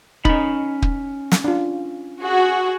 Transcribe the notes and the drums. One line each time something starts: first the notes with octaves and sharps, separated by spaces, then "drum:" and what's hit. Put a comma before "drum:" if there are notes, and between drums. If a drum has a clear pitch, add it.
C#4 D#4 B5, drum: kick
drum: kick
drum: snare
D4 F4
F#4 G#4